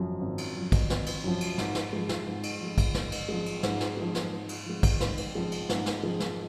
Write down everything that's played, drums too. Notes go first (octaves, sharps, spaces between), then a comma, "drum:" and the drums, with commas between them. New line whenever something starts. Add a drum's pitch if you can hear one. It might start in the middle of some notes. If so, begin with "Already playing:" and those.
Already playing: G#1 F#2 F3
G#1
drum: cymbal
F#2 F3
drum: kick, cymbal
G#1, drum: snare
drum: cymbal
F#2 F3
drum: cymbal
G#2, drum: snare
drum: snare
F3 G#3
drum: snare
G#2
drum: cymbal
F3 G#3
drum: kick, cymbal
G#2, drum: snare
drum: cymbal
F3 G#3
drum: cymbal
G#2, drum: snare
drum: snare
F3 G#3
drum: snare
G#2
drum: cymbal
F3 G#3
drum: kick, cymbal
G#2, drum: snare
drum: cymbal
F3 G#3
drum: cymbal
G#2, drum: snare
drum: snare
F3 G#3
drum: snare